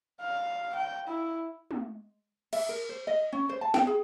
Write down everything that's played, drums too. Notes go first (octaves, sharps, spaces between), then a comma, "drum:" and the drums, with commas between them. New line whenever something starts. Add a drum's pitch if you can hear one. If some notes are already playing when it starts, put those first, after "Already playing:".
F5
G5
E4
drum: tom
E5, drum: cymbal
A#4
C5
D#5
C#4
C5
A5
G5, drum: snare
G#4